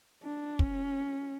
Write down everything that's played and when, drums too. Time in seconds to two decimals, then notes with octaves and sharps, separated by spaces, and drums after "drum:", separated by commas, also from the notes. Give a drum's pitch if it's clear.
0.23 D4
0.59 C#4, drum: kick